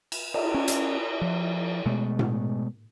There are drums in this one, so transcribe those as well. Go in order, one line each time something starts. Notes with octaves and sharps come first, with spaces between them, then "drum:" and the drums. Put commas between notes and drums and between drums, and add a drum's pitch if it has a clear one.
drum: cymbal
drum: cymbal
C#4
drum: hi-hat
F3
B2 G#3 A3
drum: tom A2